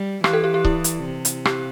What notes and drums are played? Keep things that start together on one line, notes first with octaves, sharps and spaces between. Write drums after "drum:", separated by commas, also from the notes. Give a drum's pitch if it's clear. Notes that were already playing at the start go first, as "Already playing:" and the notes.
Already playing: G3
E3 G4, drum: rim click
A4
G4
G4
E4, drum: kick C#1
drum: hi-hat
C3
drum: hi-hat
G4, drum: rim click